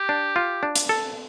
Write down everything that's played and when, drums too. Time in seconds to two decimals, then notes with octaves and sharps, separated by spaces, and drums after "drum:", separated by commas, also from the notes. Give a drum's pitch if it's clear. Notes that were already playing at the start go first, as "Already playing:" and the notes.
Already playing: G4
0.09 D4
0.36 F4
0.63 D4
0.76 drum: hi-hat
0.89 A4